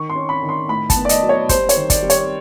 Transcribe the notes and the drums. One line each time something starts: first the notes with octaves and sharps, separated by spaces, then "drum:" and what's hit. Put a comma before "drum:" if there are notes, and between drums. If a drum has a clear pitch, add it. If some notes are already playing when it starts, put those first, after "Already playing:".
Already playing: D#3 C#6
C6
C#4
B5
D#3
C6
A2 B5
A5, drum: kick, hi-hat
B3
D5
D#5, drum: hi-hat
F#3
C#5
G3 C5, drum: kick, hi-hat
C#5, drum: hi-hat
D#3
D5, drum: kick, hi-hat
G3
C#5, drum: hi-hat